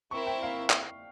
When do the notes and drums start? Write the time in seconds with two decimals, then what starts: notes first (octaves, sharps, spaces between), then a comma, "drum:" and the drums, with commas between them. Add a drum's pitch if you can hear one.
0.11 C4 E4 A#4 E5 C#6
0.27 G5
0.43 F5
0.70 drum: clap